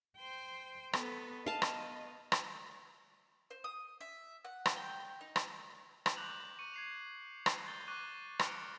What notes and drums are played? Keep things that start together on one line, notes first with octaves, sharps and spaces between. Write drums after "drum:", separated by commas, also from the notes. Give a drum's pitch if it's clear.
C5 G5
B3 A4, drum: rim click
B3 D#5 F5 A5
drum: rim click
drum: rim click
C5
D#6
E5
F#5
drum: rim click
G5
D#4
drum: rim click
drum: rim click
D6 F#6 G6 F7 F#7
C#6 C#7 D#7
G#6 C7 F7
drum: rim click
G6 A6 G7
C#6 D6 F#6 D#7 G7
F6 C#7 D7 F7 G7, drum: rim click